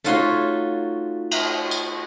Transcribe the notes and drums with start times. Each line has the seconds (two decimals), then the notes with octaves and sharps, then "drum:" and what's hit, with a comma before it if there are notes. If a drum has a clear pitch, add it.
0.04 A3 D#4 F4 F#4 C#5 C6, drum: hi-hat
1.31 drum: cymbal
1.71 drum: tambourine